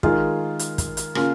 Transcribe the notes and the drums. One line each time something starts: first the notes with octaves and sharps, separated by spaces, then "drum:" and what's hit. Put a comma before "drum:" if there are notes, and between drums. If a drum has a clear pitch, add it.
D#3 G#3 F4 G#4, drum: kick
drum: hi-hat
drum: kick, hi-hat
drum: hi-hat
C#3 A#3 F4, drum: rim click